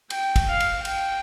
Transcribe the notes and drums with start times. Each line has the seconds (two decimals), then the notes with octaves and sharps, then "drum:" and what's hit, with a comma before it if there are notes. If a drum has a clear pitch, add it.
0.10 G5, drum: cymbal
0.36 drum: kick, cymbal
0.48 F5
0.60 drum: cymbal
0.85 G5, drum: cymbal